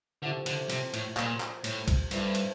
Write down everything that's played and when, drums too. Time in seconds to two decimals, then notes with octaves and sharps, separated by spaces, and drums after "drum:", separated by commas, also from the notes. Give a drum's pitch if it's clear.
0.22 D3 F3 A3 E4 G4
0.46 D3, drum: cymbal
0.70 C3, drum: cymbal
0.94 A2, drum: cymbal
1.17 A#2, drum: clap
1.40 drum: clap
1.64 A2, drum: cymbal
1.88 drum: kick B1, cymbal
2.11 G2 C4 E4 A4, drum: cymbal
2.35 drum: cymbal